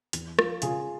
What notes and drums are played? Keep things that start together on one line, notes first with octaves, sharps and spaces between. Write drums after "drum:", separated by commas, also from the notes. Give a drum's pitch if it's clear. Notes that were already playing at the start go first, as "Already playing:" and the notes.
E2, drum: hi-hat
F3, drum: rim click
C#3 F4 G#4, drum: hi-hat